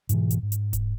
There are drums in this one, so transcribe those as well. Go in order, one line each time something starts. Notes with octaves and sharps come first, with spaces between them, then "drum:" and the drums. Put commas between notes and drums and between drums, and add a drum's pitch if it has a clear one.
G#2 B2 E3, drum: hi-hat
drum: hi-hat
G#2
drum: hi-hat
drum: kick E1, hi-hat